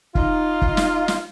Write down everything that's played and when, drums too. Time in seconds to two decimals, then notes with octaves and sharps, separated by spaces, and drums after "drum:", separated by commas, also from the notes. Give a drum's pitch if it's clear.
0.15 D#4 F4, drum: kick
0.62 drum: kick
0.77 drum: snare
1.08 drum: snare